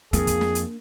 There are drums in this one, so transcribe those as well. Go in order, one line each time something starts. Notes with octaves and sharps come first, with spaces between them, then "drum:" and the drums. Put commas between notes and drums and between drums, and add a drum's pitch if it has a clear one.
F2 A#3 D4 G#4, drum: hi-hat
drum: kick, hi-hat
drum: snare
drum: hi-hat